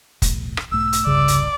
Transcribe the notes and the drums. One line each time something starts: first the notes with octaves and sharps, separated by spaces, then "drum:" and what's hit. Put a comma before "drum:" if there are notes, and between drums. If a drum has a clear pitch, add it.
B1 E2 A2, drum: kick F1, hi-hat
drum: rim click
B1 G#2 A3 E6
drum: hi-hat
E1 C2 G2 C#3 D5
drum: hi-hat